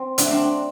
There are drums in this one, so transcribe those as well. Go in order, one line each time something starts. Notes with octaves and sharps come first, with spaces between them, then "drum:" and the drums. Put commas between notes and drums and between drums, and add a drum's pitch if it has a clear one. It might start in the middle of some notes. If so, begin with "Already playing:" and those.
Already playing: C4
D3 F#3 A3, drum: hi-hat
C4 D4